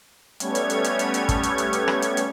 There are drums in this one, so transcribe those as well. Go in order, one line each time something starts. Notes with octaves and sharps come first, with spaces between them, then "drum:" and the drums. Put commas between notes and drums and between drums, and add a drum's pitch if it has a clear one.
G3 A3 B3 C#4 C#5 G#6, drum: hi-hat
drum: hi-hat
drum: hi-hat
drum: hi-hat
drum: hi-hat
drum: hi-hat
drum: kick, hi-hat
drum: hi-hat
drum: hi-hat
drum: hi-hat
drum: rim click
drum: hi-hat
drum: hi-hat